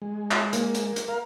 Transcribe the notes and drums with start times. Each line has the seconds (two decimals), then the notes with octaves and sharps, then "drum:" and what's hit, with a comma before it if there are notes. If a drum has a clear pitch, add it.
0.02 G#3
0.31 drum: clap
0.53 A#3, drum: hi-hat
0.75 drum: hi-hat
0.96 drum: hi-hat
1.08 A#4 F5